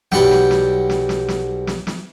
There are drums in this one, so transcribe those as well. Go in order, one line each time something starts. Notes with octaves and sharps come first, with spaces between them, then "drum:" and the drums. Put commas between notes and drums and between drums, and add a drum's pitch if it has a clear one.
B1 G3 D5 F#5 G5, drum: snare
drum: snare
drum: snare
drum: snare
drum: snare
drum: snare
drum: snare
drum: snare